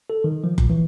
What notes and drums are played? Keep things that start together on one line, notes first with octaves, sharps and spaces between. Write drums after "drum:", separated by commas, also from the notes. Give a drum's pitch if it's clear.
A4
D#3
F3
A#2, drum: kick F#1
E3